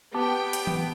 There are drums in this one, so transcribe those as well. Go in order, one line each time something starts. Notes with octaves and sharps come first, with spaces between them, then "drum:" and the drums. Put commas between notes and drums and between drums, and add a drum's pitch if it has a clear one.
B3 G4 G5 A5 D6
drum: hi-hat
drum: tom E3